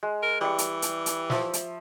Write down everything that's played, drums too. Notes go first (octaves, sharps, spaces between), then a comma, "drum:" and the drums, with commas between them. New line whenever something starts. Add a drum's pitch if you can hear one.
G#3
A#4
E3 G3 C#6
drum: hi-hat
drum: hi-hat
drum: hi-hat
F3 E5, drum: snare
drum: hi-hat